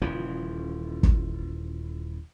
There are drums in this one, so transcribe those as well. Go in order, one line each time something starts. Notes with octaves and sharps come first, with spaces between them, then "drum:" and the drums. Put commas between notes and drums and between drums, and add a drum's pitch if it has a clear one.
D#1 C#3 E3 F3
drum: kick G1